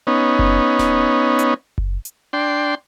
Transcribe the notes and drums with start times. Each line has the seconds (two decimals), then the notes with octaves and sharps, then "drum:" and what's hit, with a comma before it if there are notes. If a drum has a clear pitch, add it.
0.07 B3 C#4 D#4
0.39 drum: kick F#1
0.79 drum: snare D#1
1.39 drum: hi-hat
1.78 drum: kick F#1
2.05 drum: hi-hat
2.33 D4 G5 C6